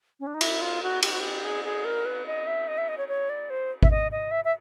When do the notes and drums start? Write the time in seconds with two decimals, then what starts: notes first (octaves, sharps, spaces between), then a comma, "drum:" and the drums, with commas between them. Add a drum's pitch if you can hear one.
0.20 C#4
0.27 D4
0.34 D#4
0.41 E4, drum: cymbal
0.61 F4
0.83 F#4
1.03 G4, drum: cymbal
1.11 F#4
1.20 G4
1.45 G#4
1.65 G#4
1.85 A#4
2.05 B4
2.26 D#5
2.47 E5
2.68 D#5
2.78 E5
2.88 D#5
2.98 C#5
3.08 C#5
3.29 D5
3.50 C5
3.83 E5, drum: kick G#1
3.91 D#5
4.12 D#5
4.31 E5
4.45 E5